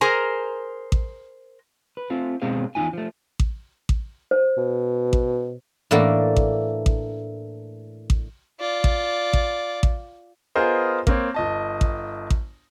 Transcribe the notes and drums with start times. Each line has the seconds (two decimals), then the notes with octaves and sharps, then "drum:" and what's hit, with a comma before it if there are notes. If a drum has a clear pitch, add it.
0.01 G#4 A#4 C5 G#5 A#5
0.92 drum: kick A1
1.97 B4
2.10 A3 C4 F4
2.42 B2 G#3 C4 G#4 C5 F5
2.75 E2 C#3 D#4 F4 G#5
2.93 F3 A3
3.39 drum: kick A1
3.89 drum: kick A1
4.31 C5
4.57 B2
5.13 drum: kick A1
5.91 A2 E3 A3 A#3 D4
6.36 drum: kick A1
6.86 drum: kick A1
8.10 drum: kick A1
8.60 F4 D5
8.84 drum: kick A1
9.33 drum: kick A1
9.83 drum: kick A1
10.55 B3 F4 G#4 A#4 C5 D#5
11.07 A#3 C4 C#5, drum: kick A1
11.34 G1 D#5 A5
11.81 drum: kick A1
12.30 drum: kick A1